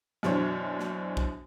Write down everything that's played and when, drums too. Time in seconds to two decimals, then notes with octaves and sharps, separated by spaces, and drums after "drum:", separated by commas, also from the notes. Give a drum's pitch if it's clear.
0.23 F#2 B2 E3 D4 C5 C#5, drum: snare
0.79 drum: snare
1.17 drum: kick